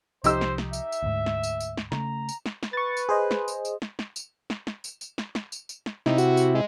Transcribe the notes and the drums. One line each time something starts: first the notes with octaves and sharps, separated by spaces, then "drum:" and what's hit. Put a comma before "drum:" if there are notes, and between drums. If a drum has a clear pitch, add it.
C2 F3 D#4 G4 C5 E6, drum: tambourine
drum: snare
drum: snare
E5, drum: tambourine
drum: tambourine
D2 G#2
drum: snare
drum: tambourine
drum: tambourine
drum: snare
C#3 A3 A#5, drum: snare
drum: tambourine
drum: snare
drum: snare
B4 C#6 A6
drum: tambourine
G#4 C5 D#5
drum: snare
drum: tambourine
drum: tambourine
drum: snare
drum: snare
drum: tambourine
drum: snare
drum: snare
drum: tambourine
drum: tambourine
drum: snare
drum: snare
drum: tambourine
drum: tambourine
drum: snare
C3 D#4 E4, drum: snare
F#4, drum: tambourine
drum: tambourine
G#3